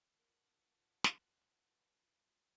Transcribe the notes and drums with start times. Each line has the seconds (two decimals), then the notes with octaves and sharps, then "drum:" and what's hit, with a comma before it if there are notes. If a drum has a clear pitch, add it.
0.15 E2 D4 F4 A#4 B4 F#5 A5
1.04 drum: snare